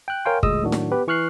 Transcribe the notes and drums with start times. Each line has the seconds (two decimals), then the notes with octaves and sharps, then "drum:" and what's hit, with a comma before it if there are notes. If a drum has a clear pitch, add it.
0.08 G5 F#6
0.25 A#4 C#5 F5 G5 G#5 C6
0.43 D2 A#2 G#3 D#5 D#6 E6, drum: kick
0.63 A2 D#3 F#3 D4 F#4
0.72 drum: snare
0.92 B3 G4 B4
1.07 E3 C#6 F6 F#6 C7